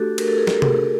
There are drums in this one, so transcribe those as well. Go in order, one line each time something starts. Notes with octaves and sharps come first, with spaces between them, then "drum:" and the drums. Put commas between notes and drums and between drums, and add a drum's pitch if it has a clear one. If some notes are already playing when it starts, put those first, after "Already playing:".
Already playing: A3 D4 F#4 G4 A4
A#4, drum: cymbal
A4
G#4 A#4
drum: snare
drum: tom C3